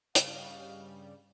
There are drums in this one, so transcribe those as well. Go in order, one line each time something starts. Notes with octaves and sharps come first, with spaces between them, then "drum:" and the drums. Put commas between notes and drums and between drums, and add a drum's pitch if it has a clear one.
G2 C#3 G3 F#4 D#5 F5, drum: hi-hat